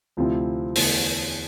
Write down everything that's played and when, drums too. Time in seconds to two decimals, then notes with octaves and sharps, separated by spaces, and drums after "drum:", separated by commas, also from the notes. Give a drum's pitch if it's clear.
0.17 D2 C3 F3 C4 E4
0.75 E2 D3 A3 E4, drum: open hi-hat